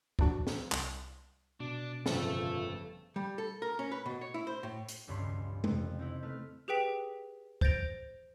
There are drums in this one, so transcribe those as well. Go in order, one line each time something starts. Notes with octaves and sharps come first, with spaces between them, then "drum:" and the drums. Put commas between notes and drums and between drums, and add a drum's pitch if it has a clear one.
A#2 F3 D4 F#4, drum: kick
drum: snare
C2, drum: clap
B2 D4
G1 F2 C#3 F3 A4 E5, drum: snare
G3
A4
A#4
C#4
B4
B2
C#5
E4
C5
A2
drum: hi-hat
E1 C#2 G2 C#5 B5 C6
F2 C3 A#3, drum: tom G#3
C4 D#4 E4
A3 B4 F6
G4 G#4 B4 G5 B6 F7
C5 G6 A6 A#6 D7 F7, drum: kick